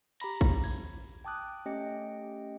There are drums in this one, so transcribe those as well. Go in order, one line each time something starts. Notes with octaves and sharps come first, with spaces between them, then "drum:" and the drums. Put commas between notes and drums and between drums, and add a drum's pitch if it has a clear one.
G4 A#5 B5 A#6, drum: cymbal
drum: kick
G#6, drum: open hi-hat
G5 A5 D6 D#6 F#6
A3 C#4 G4 D#5 G5 C#7